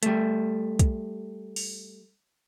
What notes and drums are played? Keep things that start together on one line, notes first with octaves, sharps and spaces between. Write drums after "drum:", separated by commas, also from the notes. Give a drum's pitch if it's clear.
G3 A3, drum: hi-hat
drum: kick, hi-hat
drum: open hi-hat